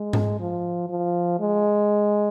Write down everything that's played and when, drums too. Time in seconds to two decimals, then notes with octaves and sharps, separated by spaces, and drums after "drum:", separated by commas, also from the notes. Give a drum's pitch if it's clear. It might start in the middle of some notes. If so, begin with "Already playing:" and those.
Already playing: G#3
0.13 drum: tom G#2
0.39 F3
0.89 F3
1.40 G#3